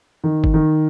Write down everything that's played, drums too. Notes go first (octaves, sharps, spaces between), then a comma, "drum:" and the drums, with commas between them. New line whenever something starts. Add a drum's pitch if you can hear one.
D#3
drum: kick G1
D#3